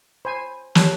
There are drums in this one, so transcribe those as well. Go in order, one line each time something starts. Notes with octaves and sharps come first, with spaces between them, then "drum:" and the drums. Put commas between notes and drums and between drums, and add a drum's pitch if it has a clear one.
C5 G#5 B5
G4 C#5 A5 F#6, drum: snare